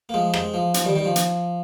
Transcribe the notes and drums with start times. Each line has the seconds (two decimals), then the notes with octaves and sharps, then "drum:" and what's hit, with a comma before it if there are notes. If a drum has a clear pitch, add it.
0.09 A#3
0.14 F3 G#3
0.34 G#3 C4, drum: rim click
0.54 F3
0.74 F3, drum: hi-hat
0.84 D#3 G3
0.95 D#3 G3
1.05 F3
1.16 drum: hi-hat